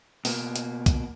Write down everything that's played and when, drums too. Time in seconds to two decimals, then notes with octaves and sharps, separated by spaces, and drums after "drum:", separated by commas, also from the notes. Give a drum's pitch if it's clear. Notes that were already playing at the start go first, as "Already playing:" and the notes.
0.25 B2 A#3, drum: open hi-hat
0.56 drum: hi-hat
0.86 drum: kick, hi-hat